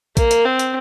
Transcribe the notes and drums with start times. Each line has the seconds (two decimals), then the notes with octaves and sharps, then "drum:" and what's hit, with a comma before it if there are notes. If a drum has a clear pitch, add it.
0.17 A#3, drum: kick A#1, hi-hat
0.31 drum: hi-hat
0.45 C4
0.59 drum: hi-hat